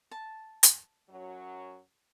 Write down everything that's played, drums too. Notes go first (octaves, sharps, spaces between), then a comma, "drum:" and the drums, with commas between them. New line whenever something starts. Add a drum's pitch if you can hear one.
A5
drum: hi-hat
F#2 F#3